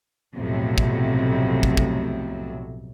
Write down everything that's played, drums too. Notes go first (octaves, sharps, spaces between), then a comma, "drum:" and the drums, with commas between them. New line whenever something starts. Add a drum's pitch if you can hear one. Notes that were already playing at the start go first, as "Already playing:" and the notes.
B1 F2 A2 C3 F#3
drum: kick
drum: kick
drum: kick